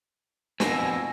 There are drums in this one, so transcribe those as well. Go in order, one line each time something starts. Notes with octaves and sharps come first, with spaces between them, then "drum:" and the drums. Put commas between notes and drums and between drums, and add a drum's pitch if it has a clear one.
F2 B2 G#5 E6 A#6, drum: snare